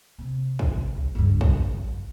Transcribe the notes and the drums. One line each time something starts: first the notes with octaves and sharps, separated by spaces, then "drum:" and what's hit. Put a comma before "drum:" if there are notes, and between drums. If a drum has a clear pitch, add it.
C3
drum: kick
C#2
C#2 G2
drum: kick
F#2